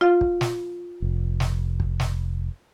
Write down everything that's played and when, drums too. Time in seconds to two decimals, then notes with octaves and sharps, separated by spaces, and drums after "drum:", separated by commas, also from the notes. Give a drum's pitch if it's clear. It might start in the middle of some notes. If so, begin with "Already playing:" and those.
0.01 F4 F5
0.21 drum: kick
0.41 drum: snare
1.02 F1
1.40 drum: snare
1.80 drum: kick
2.00 drum: snare